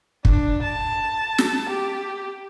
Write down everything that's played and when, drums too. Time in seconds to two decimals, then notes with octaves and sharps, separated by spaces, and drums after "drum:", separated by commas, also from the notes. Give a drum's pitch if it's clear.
0.25 D4, drum: kick
0.63 A5
1.38 drum: snare
1.70 G4